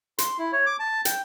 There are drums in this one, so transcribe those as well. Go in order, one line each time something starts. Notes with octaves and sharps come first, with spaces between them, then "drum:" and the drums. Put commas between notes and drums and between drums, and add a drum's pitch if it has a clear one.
C6, drum: hi-hat
E4
C#5
D6
A5
G5, drum: hi-hat